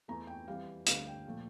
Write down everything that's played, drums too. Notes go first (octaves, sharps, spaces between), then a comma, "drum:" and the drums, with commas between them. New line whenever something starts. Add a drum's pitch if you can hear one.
E2 E3 A3 A#5
G5
F2 E3 G3 F5
D2 D3 G3 F5, drum: hi-hat
G5
A#2 F3 A3